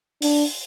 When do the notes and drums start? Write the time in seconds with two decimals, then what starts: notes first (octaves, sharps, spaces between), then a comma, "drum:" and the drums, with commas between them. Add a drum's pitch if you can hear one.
0.22 D4, drum: open hi-hat